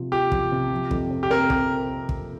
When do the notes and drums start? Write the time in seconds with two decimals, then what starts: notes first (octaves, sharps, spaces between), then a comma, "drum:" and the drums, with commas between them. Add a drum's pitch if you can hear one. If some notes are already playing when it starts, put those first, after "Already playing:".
Already playing: C3 F3 F4
0.12 F4 G4
0.32 F3, drum: kick
0.52 C3
0.72 F3
0.91 F2, drum: kick
1.11 C4
1.23 G4
1.30 C4 A#4
1.50 drum: kick
2.09 drum: kick